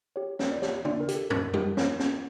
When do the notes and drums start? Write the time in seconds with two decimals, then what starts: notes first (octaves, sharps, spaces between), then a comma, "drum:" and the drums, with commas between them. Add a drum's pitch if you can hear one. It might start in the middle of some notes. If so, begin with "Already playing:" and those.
0.16 G4 C#5
0.39 C#4 C#5, drum: snare
0.52 D5
0.62 G4 C#5, drum: snare
0.85 D4 D5, drum: tom
1.00 A#4
1.08 G4, drum: hi-hat
1.15 A4
1.30 C#4 A#4, drum: tom F#2
1.54 G4 A#4, drum: tom G3
1.77 C#4 C#5, drum: snare
1.99 C#4, drum: snare